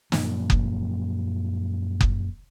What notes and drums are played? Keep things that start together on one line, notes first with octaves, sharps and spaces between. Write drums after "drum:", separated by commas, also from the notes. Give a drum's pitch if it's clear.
F#2 A#2 F3 F#3, drum: snare
drum: kick F#1
drum: kick F#1